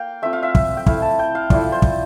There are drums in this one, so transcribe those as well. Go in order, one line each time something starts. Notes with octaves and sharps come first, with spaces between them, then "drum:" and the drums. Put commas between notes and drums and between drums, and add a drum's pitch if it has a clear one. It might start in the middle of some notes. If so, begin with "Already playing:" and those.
Already playing: A#3 F5 G5
A3 C4 F4 E5
F5
E5
drum: kick
G5
A3 E4 F5, drum: kick
A5
G5
F5
F3 A3 E4 D5, drum: kick
C5
drum: kick